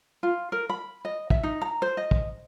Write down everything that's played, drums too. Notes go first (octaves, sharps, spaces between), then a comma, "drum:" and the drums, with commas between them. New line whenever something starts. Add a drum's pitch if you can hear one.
F4
A#4
B5
D#5
E5, drum: kick
D#4
A#5
C5
D#5
drum: kick